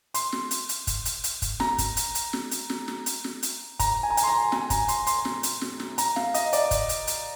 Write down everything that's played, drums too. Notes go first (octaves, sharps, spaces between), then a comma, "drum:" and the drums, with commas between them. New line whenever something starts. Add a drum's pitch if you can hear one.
C6, drum: hi-hat
drum: snare
drum: hi-hat
drum: hi-hat
drum: kick, hi-hat
drum: hi-hat
drum: hi-hat
drum: kick, hi-hat
A#5, drum: snare
drum: kick, hi-hat
drum: hi-hat
drum: hi-hat
drum: snare
drum: hi-hat
drum: snare
drum: snare
drum: hi-hat
drum: snare
drum: hi-hat
A#5, drum: kick, hi-hat
G#5
A#5
G#5, drum: hi-hat
C6
A#5
G#5, drum: snare
A#5, drum: kick, hi-hat
C6, drum: hi-hat
C6, drum: hi-hat
drum: snare
drum: hi-hat
drum: snare
drum: snare
A#5, drum: hi-hat
F5, drum: snare
D#5, drum: hi-hat
D5, drum: hi-hat
drum: kick, hi-hat
drum: hi-hat
drum: hi-hat